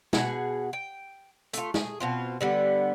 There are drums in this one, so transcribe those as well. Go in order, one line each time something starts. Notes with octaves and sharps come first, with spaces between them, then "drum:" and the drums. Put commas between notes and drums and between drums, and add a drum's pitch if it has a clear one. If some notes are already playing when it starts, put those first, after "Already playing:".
B2 G#4 F#5, drum: snare
G5
A3 F4, drum: hi-hat
G#4, drum: snare
B2 C4 F4
D3 G3 B3